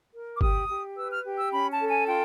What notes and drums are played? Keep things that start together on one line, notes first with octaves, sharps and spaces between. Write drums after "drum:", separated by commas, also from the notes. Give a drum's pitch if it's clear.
A#4
D6
G4 D#6, drum: kick G1
G4
B4 E6
F6
G4
E6
C#4 B5
A5
A4
G#5
F4 G5